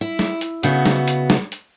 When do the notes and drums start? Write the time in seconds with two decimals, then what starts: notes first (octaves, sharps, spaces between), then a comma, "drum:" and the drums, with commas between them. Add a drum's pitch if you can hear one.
0.01 E4
0.19 drum: snare
0.41 drum: hi-hat
0.63 C#3 B3 F#4 D#5 E5, drum: hi-hat
0.86 drum: snare
1.08 drum: hi-hat
1.30 drum: snare
1.52 drum: hi-hat